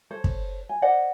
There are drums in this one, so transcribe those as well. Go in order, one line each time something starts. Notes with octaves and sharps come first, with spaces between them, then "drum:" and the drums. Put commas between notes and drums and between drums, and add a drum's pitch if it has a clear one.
A4 C5 C#5
drum: kick
G#5
C5 D5 D#5 F#5